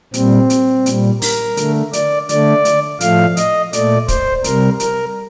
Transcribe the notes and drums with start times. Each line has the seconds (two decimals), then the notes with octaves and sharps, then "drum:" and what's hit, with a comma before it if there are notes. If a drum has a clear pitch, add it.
0.14 A#2 G3 C4, drum: hi-hat
0.50 drum: hi-hat
0.86 A#2 G3, drum: hi-hat
1.22 A#4, drum: open hi-hat
1.57 D3 A3, drum: hi-hat
1.93 D5, drum: hi-hat
2.29 D3 A3 D5, drum: hi-hat
2.65 drum: hi-hat
3.00 A2 F3 A3 F5, drum: hi-hat
3.37 D#5, drum: hi-hat
3.73 A#2 A3 D5, drum: hi-hat
4.08 C5, drum: kick, hi-hat
4.44 C3 G3 A#4, drum: hi-hat
4.80 A#4, drum: hi-hat